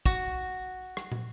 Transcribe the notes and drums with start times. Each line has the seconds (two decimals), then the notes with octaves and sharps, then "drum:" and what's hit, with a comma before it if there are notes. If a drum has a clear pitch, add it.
0.06 F#4, drum: kick
0.97 drum: rim click
1.12 drum: tom